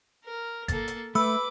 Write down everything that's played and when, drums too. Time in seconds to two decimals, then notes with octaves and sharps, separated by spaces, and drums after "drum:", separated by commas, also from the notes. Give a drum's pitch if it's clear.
0.25 A#4
0.68 A#3 A4 A6, drum: kick G1, hi-hat
0.88 drum: hi-hat
1.15 A3 B4 B5 D6 E6